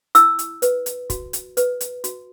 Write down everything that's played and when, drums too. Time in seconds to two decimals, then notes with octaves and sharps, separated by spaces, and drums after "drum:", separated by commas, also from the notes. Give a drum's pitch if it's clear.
0.15 E4 E6, drum: hi-hat
0.39 drum: hi-hat
0.62 B4, drum: hi-hat
0.86 drum: hi-hat
1.10 F#4, drum: kick, hi-hat
1.33 drum: hi-hat
1.57 B4, drum: hi-hat
1.81 drum: hi-hat
2.04 F#4, drum: hi-hat